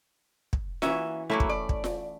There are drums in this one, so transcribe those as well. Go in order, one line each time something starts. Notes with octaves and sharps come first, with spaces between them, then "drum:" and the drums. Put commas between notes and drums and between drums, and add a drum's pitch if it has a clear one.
drum: kick
E3 A#3 C#4 F#4 E5, drum: snare F4
F#3 A3 A#3 C#4 E4
drum: kick
D5
drum: kick
drum: snare F4